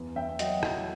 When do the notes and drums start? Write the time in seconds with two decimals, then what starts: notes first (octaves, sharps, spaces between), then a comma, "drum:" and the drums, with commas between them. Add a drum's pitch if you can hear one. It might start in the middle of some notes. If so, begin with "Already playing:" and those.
Already playing: E2
0.16 E2 E5 G5
0.29 G5
0.39 F#3 D#5 F#5, drum: hi-hat
0.63 F#3, drum: rim click